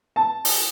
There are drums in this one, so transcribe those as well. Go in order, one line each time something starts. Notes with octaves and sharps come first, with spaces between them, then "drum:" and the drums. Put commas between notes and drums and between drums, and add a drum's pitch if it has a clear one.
A5
drum: open hi-hat